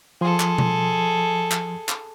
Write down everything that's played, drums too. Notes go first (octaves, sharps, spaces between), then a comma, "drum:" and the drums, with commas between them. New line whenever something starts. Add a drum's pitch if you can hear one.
F3 G#4 A4 C6
drum: clap
drum: tom B2
drum: clap
drum: clap